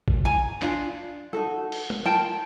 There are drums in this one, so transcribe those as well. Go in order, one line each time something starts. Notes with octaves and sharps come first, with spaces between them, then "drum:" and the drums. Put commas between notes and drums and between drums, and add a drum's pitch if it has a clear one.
drum: kick
G#5 A#5
D4 F4, drum: clap
D#4 F#4 A4
drum: cymbal
drum: tom G#3
F4 A#4 G5 A5